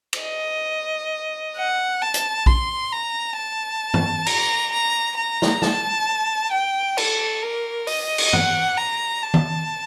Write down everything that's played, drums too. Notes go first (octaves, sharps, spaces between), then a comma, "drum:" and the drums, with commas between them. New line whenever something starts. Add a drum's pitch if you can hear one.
drum: cymbal
D#5
F#5
A5
drum: hi-hat
C6, drum: kick A#1
A#5
A5
drum: tom G2
A#5, drum: cymbal
A#5
A#5
drum: snare
A5, drum: snare
G5
A4, drum: cymbal
A#4
D#5, drum: open hi-hat
drum: cymbal
F#5, drum: tom G2
A#5
A5
drum: tom D#3